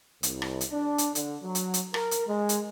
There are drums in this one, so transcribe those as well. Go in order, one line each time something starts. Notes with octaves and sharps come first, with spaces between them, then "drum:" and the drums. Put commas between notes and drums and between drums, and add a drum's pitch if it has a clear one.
C2, drum: hi-hat
drum: rim click
drum: hi-hat
D4
drum: hi-hat
D3, drum: hi-hat
F#3
drum: hi-hat
drum: hi-hat
A#4, drum: rim click
drum: hi-hat
G#3
drum: hi-hat